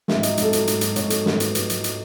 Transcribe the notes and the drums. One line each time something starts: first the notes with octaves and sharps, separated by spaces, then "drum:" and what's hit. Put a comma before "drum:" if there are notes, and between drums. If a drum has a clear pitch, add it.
G#2 E5, drum: snare
D#5
F#3, drum: hi-hat
G#2 A4, drum: hi-hat
F#3, drum: hi-hat
G#2, drum: hi-hat
F#3, drum: hi-hat
G#2 C#5, drum: hi-hat
A4
F#3, drum: hi-hat
G#2 A4, drum: snare
F#3 B4, drum: hi-hat
G#2, drum: hi-hat
F#3, drum: hi-hat
drum: hi-hat